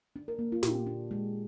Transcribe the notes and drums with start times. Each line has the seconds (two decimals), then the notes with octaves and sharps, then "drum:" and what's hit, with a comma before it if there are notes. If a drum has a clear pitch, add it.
0.16 D4
0.28 A#4
0.39 A#3
0.52 F4
0.63 A#2 G4, drum: snare
0.87 D4
1.11 G#3